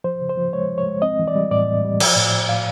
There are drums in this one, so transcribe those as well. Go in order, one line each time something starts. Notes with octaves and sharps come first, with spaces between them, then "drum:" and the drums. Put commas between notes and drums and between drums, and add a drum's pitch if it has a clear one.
F3 C5
C#3
C5
F3
G#3 C#5
F3
C#5
G#3
C4 D#5
E3
D5
G3
A2 D5
A2
G3
F3, drum: cymbal
A2
A2
A2 F5